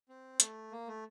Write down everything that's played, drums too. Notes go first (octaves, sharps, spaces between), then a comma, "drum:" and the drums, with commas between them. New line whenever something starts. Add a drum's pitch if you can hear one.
C4
A3, drum: hi-hat
A#3
A3